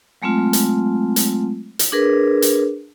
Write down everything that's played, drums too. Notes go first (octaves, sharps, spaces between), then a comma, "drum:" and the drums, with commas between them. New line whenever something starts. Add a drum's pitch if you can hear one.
F#3 G#3 A3 C4 F4
drum: hi-hat
drum: hi-hat
drum: hi-hat
D4 G#4 A#4 B4
drum: hi-hat